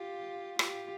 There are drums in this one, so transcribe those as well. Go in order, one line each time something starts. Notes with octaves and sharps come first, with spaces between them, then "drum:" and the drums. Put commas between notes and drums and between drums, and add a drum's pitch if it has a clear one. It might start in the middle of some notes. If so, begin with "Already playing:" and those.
Already playing: F4 G4
F4 G4, drum: rim click